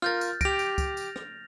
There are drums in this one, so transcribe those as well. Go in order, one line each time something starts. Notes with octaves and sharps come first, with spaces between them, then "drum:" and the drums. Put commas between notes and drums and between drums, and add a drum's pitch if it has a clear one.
F4 A#4 F6 G6 A6, drum: rim click
drum: tambourine
G4 A#6 D7 F7, drum: kick, tambourine
drum: tambourine
drum: kick, tambourine
drum: tambourine
drum: rim click